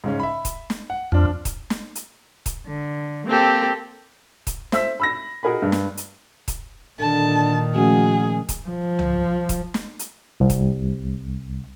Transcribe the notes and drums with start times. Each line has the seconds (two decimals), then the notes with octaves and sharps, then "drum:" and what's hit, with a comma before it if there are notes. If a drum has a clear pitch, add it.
0.04 G#2 C#3 C#4
0.20 E5 B5
0.45 drum: kick D#1, hi-hat
0.70 drum: snare
0.90 F#5
1.12 F2 F3 D4
1.45 drum: kick D#1, hi-hat
1.70 drum: snare
1.95 drum: hi-hat
2.46 drum: kick D#1, hi-hat
2.65 D3
3.27 A#3 C4 G4 A4
4.47 drum: kick D#1, hi-hat
4.72 C5 E5 E6 B6, drum: snare
5.00 B5 E6 A#6
5.43 D#4 F#4 G#4 A#4 G#5 B5
5.62 G2
5.72 drum: snare
5.97 drum: hi-hat
6.48 drum: kick D#1, hi-hat
7.00 A#2 D3 D#3 D4 A4 A5
7.76 F3 A3 C#4 F#4 G#4
8.49 drum: kick D#1, hi-hat
8.68 F3
8.99 drum: tom
9.49 drum: kick D#1, hi-hat
9.74 drum: snare
9.99 drum: hi-hat
10.40 C2
10.50 drum: kick D#1, hi-hat